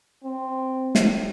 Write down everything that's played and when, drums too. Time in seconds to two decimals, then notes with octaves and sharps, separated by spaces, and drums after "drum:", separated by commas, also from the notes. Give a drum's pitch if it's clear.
0.24 C4
0.95 drum: snare